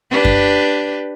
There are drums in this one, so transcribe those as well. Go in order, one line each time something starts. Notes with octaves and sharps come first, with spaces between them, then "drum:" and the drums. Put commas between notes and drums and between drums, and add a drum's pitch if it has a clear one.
D4 G4 B4
drum: kick F#2